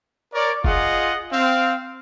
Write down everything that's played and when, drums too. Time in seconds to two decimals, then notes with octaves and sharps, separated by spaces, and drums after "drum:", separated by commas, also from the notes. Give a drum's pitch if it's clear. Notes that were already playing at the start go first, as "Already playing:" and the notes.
0.34 A#4 C#5 D5
0.64 F4 G#4 D#5 F#5, drum: kick F1
1.32 C4 F5